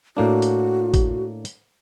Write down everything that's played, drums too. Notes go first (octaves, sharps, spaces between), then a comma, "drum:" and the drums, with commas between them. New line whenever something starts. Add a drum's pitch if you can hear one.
A2 A#3 D4 F#4
drum: hi-hat
drum: kick G#1, hi-hat
drum: hi-hat